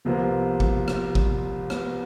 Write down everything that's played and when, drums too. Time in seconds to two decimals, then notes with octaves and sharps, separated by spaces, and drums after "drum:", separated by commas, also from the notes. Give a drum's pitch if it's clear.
0.05 C2 C3 F3 A#3 B3
0.60 drum: kick
0.88 drum: rim click
1.15 drum: kick
1.70 B3, drum: rim click